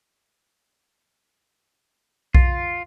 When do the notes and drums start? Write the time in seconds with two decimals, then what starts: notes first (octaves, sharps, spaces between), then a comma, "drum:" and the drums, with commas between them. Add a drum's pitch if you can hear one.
2.35 F4, drum: kick B1